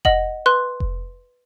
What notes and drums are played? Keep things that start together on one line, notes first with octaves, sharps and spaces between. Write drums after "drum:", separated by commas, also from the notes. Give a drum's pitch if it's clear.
D#5 F#5 F#7, drum: kick F1
B4 C6 F#6
drum: kick F1